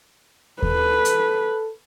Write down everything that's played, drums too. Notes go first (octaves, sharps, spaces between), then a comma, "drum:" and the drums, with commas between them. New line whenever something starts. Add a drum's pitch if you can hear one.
A4 B4, drum: kick D#2
drum: hi-hat